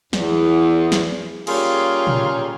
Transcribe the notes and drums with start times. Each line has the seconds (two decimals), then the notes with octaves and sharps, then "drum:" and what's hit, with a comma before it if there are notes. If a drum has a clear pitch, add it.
0.13 E2, drum: snare
0.92 drum: snare
1.47 G3 A#3 C#4 F4 G#4, drum: cymbal
2.07 drum: tom